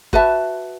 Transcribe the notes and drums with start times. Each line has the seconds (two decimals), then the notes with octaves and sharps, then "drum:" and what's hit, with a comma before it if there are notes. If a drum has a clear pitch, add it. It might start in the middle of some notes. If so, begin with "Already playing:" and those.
0.13 F#4 B4 E5 A5, drum: kick